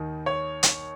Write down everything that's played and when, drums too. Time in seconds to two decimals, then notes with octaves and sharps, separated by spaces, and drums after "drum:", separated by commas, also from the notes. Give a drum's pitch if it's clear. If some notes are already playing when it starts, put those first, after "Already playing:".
Already playing: D#2 D#3
0.26 C#5
0.63 drum: hi-hat